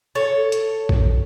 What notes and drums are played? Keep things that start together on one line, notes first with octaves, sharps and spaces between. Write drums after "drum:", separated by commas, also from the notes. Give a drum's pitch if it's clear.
A4 C#5
drum: hi-hat
drum: kick